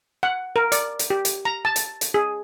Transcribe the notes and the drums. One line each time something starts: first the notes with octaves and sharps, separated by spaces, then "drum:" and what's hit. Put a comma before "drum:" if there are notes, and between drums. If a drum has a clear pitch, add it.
F#5
A#4
D5, drum: hi-hat
drum: hi-hat
G4
drum: hi-hat
A#5
A5
drum: hi-hat
drum: hi-hat
G#4